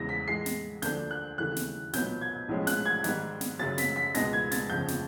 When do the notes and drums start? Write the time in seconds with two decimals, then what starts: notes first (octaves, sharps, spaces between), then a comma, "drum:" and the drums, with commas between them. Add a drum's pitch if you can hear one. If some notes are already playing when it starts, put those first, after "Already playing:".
Already playing: E2 C#3 E3 G#3 A#6
0.09 B6
0.28 A2 E3 G#3 C7
0.46 drum: snare
0.82 D2 D3 F3 A#3 D4 G6, drum: snare
1.11 F#6
1.38 D#2 C#3 E3 A3 F#6
1.56 drum: snare
1.93 B1 A#2 F#3 B3 G6, drum: snare
2.21 G#6
2.48 B1 A2 F3 G#3 C#4
2.67 F#6, drum: snare
2.86 G#6
3.04 G#2 D#3 G3, drum: snare
3.41 drum: snare
3.59 F#2 C#3 F#3 A6
3.78 B6, drum: snare
3.96 B6
4.15 C#2 B2 G#3 B3 D#4 A#6, drum: snare
4.33 G#6
4.51 A6, drum: snare
4.70 G1 F2 C#3 F3 G6
4.88 drum: snare